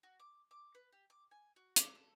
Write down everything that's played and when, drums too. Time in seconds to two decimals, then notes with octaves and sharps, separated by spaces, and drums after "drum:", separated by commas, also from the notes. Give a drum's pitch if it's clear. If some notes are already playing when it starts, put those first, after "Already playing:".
0.03 F#4
0.20 D6
0.51 D6
0.75 B4
0.92 G4
1.10 D6
1.31 G#5
1.56 F#4
1.76 D6, drum: hi-hat
1.95 A4